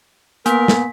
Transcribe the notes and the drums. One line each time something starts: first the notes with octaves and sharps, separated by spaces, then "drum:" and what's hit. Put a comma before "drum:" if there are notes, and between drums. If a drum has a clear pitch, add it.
A#3 B3 A#4 G#5 B6, drum: hi-hat
drum: snare